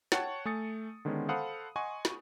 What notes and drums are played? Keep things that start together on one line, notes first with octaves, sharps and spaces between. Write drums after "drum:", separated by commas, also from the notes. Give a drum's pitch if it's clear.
C#5 F#5 G5 A5 C#6 A6, drum: snare
A3 G#5 D#6 A6 C#7
D3 D#3 G#3 B3 C#4
A4 C5 F5 F#5 B5 D#6
D#5 F#5 G#5 C6 C#6
drum: snare